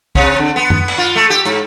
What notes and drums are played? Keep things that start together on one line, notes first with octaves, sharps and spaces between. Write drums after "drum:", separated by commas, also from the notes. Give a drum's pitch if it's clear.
C3, drum: kick
D3
B3
drum: tom F#2
drum: cymbal
F4
A3
G4
G#2, drum: hi-hat